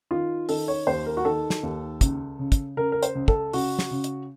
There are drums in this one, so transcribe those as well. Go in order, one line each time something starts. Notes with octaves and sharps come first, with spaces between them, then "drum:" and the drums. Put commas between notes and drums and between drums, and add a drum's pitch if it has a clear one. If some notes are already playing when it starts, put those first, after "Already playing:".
D#3 F4
D#3 A4, drum: open hi-hat
C#5
D#2 C5
A#4
F#4
D#3 A4
drum: snare
D#2
C#2, drum: kick, hi-hat
C#3
drum: kick, hi-hat
C#3 A#4
A#4
C5, drum: hi-hat
C#2
A4, drum: kick
C#3 F#4, drum: open hi-hat
drum: snare
C#3
drum: hi-hat